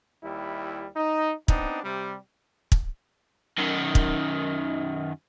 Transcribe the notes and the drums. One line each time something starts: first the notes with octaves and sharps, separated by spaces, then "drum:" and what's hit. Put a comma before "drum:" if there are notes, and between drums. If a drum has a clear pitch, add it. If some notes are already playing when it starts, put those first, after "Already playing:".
D#2 G3 E4
D#4
B3 C4 D4 D#4, drum: kick
C3 G3
drum: kick
F#2 D#3
drum: kick